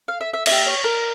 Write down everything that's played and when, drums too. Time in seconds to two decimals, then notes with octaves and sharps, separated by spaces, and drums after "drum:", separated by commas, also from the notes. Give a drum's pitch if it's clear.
0.08 F5
0.21 E5
0.34 E5
0.46 A#3 E4 E5, drum: cymbal
0.51 G4
0.66 C#5
0.84 A#4